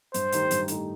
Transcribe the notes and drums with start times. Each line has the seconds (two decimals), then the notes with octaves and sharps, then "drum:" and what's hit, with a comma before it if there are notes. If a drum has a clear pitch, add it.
0.14 G2 C5, drum: hi-hat
0.32 D#3 A3 D#4 G4, drum: hi-hat
0.51 G2, drum: hi-hat
0.68 D#3 A3 D#4 G4, drum: hi-hat